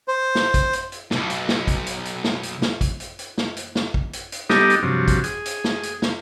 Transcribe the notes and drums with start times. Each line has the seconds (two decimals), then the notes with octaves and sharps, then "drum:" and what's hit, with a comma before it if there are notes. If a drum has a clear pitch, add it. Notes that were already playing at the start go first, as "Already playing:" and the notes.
0.08 C5
0.35 drum: snare
0.54 drum: kick, hi-hat
0.73 drum: hi-hat
0.92 drum: hi-hat
1.11 B1 G2, drum: snare
1.30 drum: hi-hat
1.49 drum: snare
1.68 drum: kick, hi-hat
1.86 drum: hi-hat
2.05 drum: hi-hat
2.24 drum: snare
2.43 drum: hi-hat
2.62 drum: snare
2.81 drum: kick, hi-hat
3.00 drum: hi-hat
3.19 drum: hi-hat
3.38 drum: snare
3.56 drum: hi-hat
3.75 drum: snare
3.94 drum: kick
4.13 drum: hi-hat
4.32 drum: hi-hat
4.50 G3 B3 D#4 G4 A4 D#5, drum: snare
4.70 drum: hi-hat
4.83 G2 C3 F3 F#3
5.08 drum: kick, hi-hat
5.24 G#4, drum: hi-hat
5.45 drum: hi-hat
5.64 drum: snare
5.83 drum: hi-hat
6.02 drum: snare